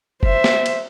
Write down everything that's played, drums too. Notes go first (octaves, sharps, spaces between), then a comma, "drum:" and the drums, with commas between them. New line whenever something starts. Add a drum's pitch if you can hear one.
C5 E5, drum: kick F#1
drum: snare
drum: cymbal